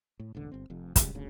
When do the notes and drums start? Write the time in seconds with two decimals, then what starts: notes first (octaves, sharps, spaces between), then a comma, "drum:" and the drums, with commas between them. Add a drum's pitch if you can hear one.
0.20 A2
0.35 E1 A1 D3
0.52 G1 C4
0.70 F1 F2
0.96 C#2 C#3 G3, drum: kick, hi-hat
1.15 G1 D2 C#3